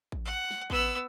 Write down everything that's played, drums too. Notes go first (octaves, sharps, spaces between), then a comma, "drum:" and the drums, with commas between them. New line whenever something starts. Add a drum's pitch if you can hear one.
drum: kick A1
F#5
drum: snare
B3 E6, drum: kick A1